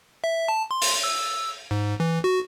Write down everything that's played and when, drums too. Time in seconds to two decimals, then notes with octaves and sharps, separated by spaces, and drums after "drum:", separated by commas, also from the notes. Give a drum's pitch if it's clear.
0.24 E5
0.48 A5
0.71 C6
0.82 drum: open hi-hat
1.04 E6
1.71 G#2
2.00 E3
2.24 F#4